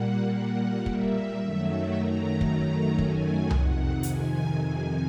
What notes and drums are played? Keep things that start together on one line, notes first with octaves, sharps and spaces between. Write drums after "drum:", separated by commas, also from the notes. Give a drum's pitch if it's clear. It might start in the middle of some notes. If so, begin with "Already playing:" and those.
Already playing: A#2 G3 A#3 F#5
F#5
E5, drum: kick
F#2 D#3 F#3 A3
A#5
drum: kick
G#5, drum: kick
F2 C3 D#3 F#5, drum: tom C2
G#5, drum: hi-hat